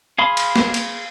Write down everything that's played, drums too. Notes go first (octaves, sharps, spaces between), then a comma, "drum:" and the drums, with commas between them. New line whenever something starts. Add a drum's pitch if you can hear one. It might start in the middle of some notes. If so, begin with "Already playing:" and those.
G#4 F5 B5 C6
drum: cymbal
drum: snare
drum: cymbal